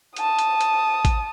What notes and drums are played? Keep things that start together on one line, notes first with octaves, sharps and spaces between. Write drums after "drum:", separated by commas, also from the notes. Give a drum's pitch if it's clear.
A5 D#6, drum: hi-hat
drum: hi-hat
drum: hi-hat
drum: kick, hi-hat